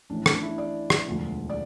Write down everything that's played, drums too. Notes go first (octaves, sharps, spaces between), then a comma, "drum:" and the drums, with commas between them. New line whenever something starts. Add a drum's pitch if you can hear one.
A1 A2 E3 D4
D4, drum: rim click
E4
D5
drum: rim click
E1 D2 D3 F3
D5